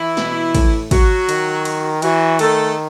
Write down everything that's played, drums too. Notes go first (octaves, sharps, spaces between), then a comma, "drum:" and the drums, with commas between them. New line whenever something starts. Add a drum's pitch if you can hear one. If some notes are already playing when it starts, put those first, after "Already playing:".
Already playing: E3 E4
B2, drum: snare
A2, drum: kick, cymbal
F#3 F#4, drum: kick, cymbal
D#3, drum: cymbal
drum: cymbal
E3 F#3 F#4, drum: cymbal
D#3 A3 A4, drum: cymbal